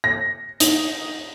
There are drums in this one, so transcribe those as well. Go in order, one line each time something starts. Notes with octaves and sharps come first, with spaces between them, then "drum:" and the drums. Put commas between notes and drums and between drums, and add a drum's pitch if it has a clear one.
A#6
D#4, drum: hi-hat